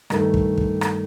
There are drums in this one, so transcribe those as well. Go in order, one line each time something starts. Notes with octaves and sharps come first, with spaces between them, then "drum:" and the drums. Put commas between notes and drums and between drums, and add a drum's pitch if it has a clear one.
G2 D#3 A3, drum: rim click
drum: kick
drum: kick
drum: rim click